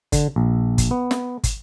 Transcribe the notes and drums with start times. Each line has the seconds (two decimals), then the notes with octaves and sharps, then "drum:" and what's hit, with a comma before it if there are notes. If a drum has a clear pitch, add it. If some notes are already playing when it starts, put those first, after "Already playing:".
0.12 D3, drum: kick, hi-hat
0.36 A#1
0.78 drum: kick, hi-hat
0.91 B3
1.11 drum: snare
1.44 drum: kick, hi-hat